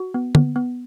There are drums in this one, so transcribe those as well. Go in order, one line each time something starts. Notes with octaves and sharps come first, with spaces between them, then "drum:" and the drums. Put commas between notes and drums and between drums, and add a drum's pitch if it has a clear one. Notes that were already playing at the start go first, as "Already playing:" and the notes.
Already playing: F#4
B3
B3, drum: tom
B3